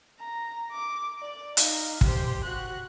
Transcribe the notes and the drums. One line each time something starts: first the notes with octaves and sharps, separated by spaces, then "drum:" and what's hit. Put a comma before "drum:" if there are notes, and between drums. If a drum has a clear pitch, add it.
A#5
D6
D5
D#4 F5, drum: hi-hat
G4 C5, drum: kick
F#4 F#6